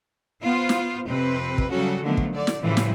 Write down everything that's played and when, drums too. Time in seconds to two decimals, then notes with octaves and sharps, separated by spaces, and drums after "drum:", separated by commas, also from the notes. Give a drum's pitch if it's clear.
0.43 B3 F4 C5
0.69 drum: snare
1.07 F2 C3 C4 B4
1.58 drum: kick
1.70 C#3 F#3 G3 C#4 F#4 A4
2.03 D3 D#3 F3 F#3 A3 B3
2.17 drum: kick
2.34 D3 D5
2.47 drum: snare
2.62 A2 C#3 E3 F3 G3
2.77 drum: snare